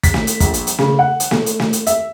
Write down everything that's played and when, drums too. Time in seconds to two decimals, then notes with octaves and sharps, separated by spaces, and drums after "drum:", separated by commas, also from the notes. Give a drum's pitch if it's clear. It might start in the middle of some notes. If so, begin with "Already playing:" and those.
0.03 B6, drum: kick, hi-hat
0.14 drum: snare
0.27 drum: hi-hat
0.40 A#1, drum: kick, hi-hat
0.54 drum: hi-hat
0.67 drum: hi-hat
0.78 C#3, drum: snare
0.99 F#5
1.20 drum: hi-hat
1.31 A3, drum: snare
1.46 drum: hi-hat
1.60 drum: snare
1.73 drum: hi-hat
1.87 E5, drum: hi-hat